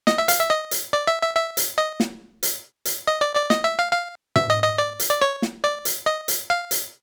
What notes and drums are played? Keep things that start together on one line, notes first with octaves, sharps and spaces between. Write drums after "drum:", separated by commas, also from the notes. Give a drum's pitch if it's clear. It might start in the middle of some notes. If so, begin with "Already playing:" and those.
D#5, drum: snare
E5
F5, drum: hi-hat
E5
D#5
drum: hi-hat
D5
E5
E5
E5
drum: hi-hat
D#5
drum: snare
drum: hi-hat
drum: hi-hat
D#5
D5
D5
D#5, drum: snare
E5
F5
F5
E5, drum: tom
D#5
D#5
D5
drum: hi-hat
D5
C#5
drum: snare
D5
drum: hi-hat
D#5
drum: hi-hat
F5
drum: hi-hat